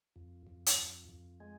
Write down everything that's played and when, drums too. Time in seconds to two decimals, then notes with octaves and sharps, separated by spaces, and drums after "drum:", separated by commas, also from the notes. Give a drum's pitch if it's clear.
0.16 F2
0.47 F2
0.66 drum: hi-hat
0.78 F2
1.09 F2
1.40 G#3